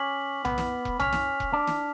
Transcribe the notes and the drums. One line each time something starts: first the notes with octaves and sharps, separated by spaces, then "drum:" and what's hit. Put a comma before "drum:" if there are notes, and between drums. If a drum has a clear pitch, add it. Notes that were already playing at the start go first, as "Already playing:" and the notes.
Already playing: C#4 D6 F6 B6 F#7
B3, drum: tom B1
drum: snare
drum: kick E1
C#4 F6 B6 F7, drum: tom B1
drum: snare
drum: kick E1
D4
drum: snare